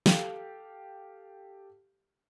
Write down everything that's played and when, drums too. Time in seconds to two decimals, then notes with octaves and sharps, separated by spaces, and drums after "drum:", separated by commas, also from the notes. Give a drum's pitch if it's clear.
0.06 G4 A4 F5, drum: snare